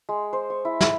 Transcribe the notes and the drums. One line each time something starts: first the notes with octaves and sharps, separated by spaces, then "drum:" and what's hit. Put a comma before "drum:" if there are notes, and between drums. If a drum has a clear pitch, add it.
G#3
C5
C#6
E4
E5, drum: snare